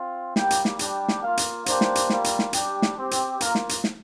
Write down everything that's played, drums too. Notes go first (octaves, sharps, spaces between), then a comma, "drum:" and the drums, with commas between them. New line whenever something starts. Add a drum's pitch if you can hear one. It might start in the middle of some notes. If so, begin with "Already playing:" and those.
Already playing: C4 F4
G3 A#3 G4 G5, drum: snare
drum: hi-hat
drum: snare
G3 D4 G4, drum: hi-hat
drum: snare
A#3 F4 F5
drum: hi-hat
A#3 D4 G4 C5, drum: hi-hat
drum: snare
drum: hi-hat
G3 A#3 F4, drum: snare
drum: hi-hat
drum: snare
G3 D4 G4, drum: hi-hat
drum: snare
C4 G4
drum: hi-hat
A#3 F4 A#4, drum: hi-hat
drum: snare
drum: hi-hat
drum: snare